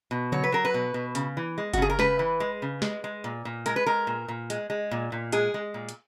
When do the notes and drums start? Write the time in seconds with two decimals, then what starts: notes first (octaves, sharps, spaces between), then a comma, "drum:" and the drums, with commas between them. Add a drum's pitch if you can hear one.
0.11 B2
0.32 F#3 C#5, drum: tom C#3
0.44 B4
0.52 F#3 A#4
0.65 B4
0.74 B2
0.94 B2
1.15 C#3, drum: hi-hat
1.37 E3
1.58 G#3
1.74 F#4, drum: kick F#1, hi-hat
1.77 C#3 G#4
1.90 A#4
1.99 C#3 B4, drum: snare
2.19 E3
2.40 G#3
2.62 C#3
2.82 G#3, drum: snare
3.04 G#3
3.24 A#2
3.45 A#2
3.66 G#3 A#4, drum: hi-hat
3.76 B4
3.86 G#3 A#4
4.07 A#2
4.28 A#2
4.50 G#3, drum: hi-hat
4.70 G#3
4.91 A#2
5.12 A#2
5.32 G#3 G#4, drum: hi-hat
5.54 G#3
5.74 A#2
5.89 drum: hi-hat